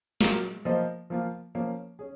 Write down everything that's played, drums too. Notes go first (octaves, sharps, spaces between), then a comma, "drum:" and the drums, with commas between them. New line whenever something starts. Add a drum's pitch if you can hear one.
A#2 F#3 A#3 F4 A#4, drum: snare
F3 A#3 F4 C5 D#5
F3 A#3 F4
F3 A#3 C#4
C#4 G#4